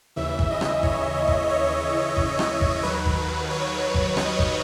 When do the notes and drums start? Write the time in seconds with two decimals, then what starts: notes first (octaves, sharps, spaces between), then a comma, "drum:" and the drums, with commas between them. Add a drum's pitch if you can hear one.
0.16 D#2 C#3 E3 E5
0.39 drum: kick G#1
0.51 D#5
0.61 drum: rim click
0.83 C#5, drum: kick G#1
1.17 D#5
1.28 drum: kick G#1
1.49 C#5
2.17 drum: kick G#1
2.39 drum: rim click
2.61 drum: kick G#1
2.83 D#2 D#3 F#3 B4
3.06 drum: kick G#1
3.50 C#5
3.94 drum: kick G#1
4.17 D#5, drum: rim click
4.39 drum: kick G#1